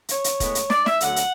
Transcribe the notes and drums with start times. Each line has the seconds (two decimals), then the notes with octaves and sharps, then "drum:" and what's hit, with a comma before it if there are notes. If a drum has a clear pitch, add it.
0.09 C#5, drum: hi-hat
0.24 drum: hi-hat
0.40 A2 G#3 B3, drum: kick E1, hi-hat
0.55 drum: hi-hat
0.70 D5, drum: snare
0.86 E5, drum: snare
1.00 D2 D3 F#3 A3 F#5, drum: hi-hat
1.16 drum: hi-hat